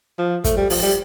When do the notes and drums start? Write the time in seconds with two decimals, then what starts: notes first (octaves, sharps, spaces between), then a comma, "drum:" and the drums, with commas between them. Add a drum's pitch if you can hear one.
0.19 F3
0.44 A3, drum: kick, hi-hat
0.57 G3
0.70 F3, drum: open hi-hat
0.82 G3